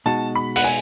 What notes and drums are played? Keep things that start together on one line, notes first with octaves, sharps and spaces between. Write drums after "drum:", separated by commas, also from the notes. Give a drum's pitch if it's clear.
B2 G#3 D#4 F#4 A5
B5
F#5, drum: open hi-hat
G#5